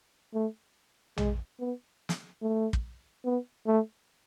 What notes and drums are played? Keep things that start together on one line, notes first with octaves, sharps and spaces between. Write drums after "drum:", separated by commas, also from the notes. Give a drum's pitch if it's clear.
A3
G#3, drum: tom A#1
B3
drum: snare
A3
drum: kick
B3
A3